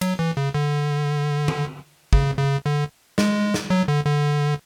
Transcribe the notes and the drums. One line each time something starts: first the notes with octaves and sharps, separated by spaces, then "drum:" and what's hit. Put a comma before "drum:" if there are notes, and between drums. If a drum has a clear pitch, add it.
F#3, drum: cymbal
E3
C#3
D3
drum: tom D3
C#3, drum: kick
C#3
D3
G#3, drum: snare
drum: snare
F#3
D3
D3